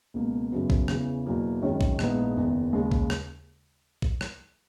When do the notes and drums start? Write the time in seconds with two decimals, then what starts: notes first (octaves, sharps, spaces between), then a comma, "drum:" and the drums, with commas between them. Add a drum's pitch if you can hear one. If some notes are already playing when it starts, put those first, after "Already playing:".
0.14 C#2 B2 A#3
0.52 F#2 C#3 F#3 B3
0.70 drum: kick A#1
0.88 E2 C#3 E3, drum: rim click
1.25 E2 B2 F#3 A#3 E4
1.62 G#1 F#2 D#3 G#3 C#4
1.81 drum: kick A#1
1.99 A#1 G#2 E3 B3 D#4, drum: rim click
2.36 F#1 E2 D#3
2.73 D#2 C#3 G#3
2.92 drum: kick A#1
3.10 drum: rim click
4.02 drum: kick A#1
4.21 drum: rim click